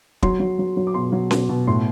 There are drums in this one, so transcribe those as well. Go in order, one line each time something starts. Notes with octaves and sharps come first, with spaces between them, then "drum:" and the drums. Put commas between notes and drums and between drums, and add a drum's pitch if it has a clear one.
F#3 C6, drum: kick
F#3
F#3
F#3
D6
B2 C6
F#3
B2, drum: snare C#4
B2
A2 C6